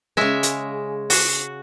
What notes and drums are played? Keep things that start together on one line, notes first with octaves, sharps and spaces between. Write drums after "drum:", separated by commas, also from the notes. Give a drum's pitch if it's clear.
C#3 G#3 E5
drum: hi-hat
F#4, drum: open hi-hat